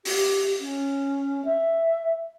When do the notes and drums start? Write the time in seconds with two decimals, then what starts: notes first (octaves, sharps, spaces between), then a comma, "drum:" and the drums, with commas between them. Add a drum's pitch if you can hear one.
0.05 G4, drum: open hi-hat
0.61 C#4
1.45 E5